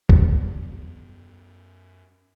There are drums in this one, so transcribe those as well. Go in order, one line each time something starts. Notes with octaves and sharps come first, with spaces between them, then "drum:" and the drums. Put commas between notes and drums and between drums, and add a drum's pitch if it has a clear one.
F#2 G3 B3, drum: kick